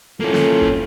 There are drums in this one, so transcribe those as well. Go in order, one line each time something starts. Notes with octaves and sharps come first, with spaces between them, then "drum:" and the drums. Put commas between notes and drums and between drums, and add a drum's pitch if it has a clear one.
A#3 C#4 E4 F4 A4
drum: snare
drum: kick